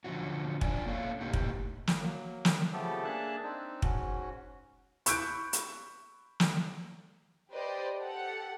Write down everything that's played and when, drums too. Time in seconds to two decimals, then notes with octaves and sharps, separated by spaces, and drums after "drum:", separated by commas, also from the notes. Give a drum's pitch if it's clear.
0.04 D3 F3 F#3 C#4 F#4
0.61 D4 F4 D5 G#5, drum: kick
0.86 A#3 C#4 A4 C#5 F5
1.21 A2 A#3 D#4 G4
1.33 drum: kick
1.87 drum: snare
1.99 F#3 A#3
2.45 drum: snare
2.73 C#3 F3 A3 B3 G4 A4
3.04 A#3 D4 G#4 E5 A5 F#6
3.43 C4 D4 D#4
3.82 G#2 C#4 F#4, drum: kick
5.06 B5 C#6 E6 F#6 G6 D7, drum: hi-hat
5.53 drum: hi-hat
6.40 drum: snare
7.52 G4 B4 C5 D5 D#5
8.00 G4 A4 F#5